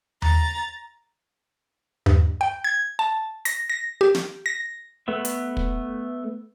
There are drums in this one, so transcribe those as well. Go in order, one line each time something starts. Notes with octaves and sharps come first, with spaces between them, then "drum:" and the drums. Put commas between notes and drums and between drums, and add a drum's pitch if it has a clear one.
A#5 A6, drum: tom D#2
G2, drum: tom D#2
G5
G#6
A5
A#6, drum: hi-hat
A#6
G4
drum: snare
A#6
A3 B3 E5
drum: hi-hat
drum: kick